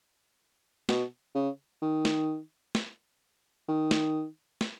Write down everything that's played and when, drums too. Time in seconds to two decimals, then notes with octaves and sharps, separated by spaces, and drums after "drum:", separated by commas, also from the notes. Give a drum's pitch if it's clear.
0.89 B2, drum: snare
1.35 C#3
1.82 D#3
2.05 drum: snare
2.75 drum: snare
3.68 D#3
3.91 drum: snare
4.61 drum: snare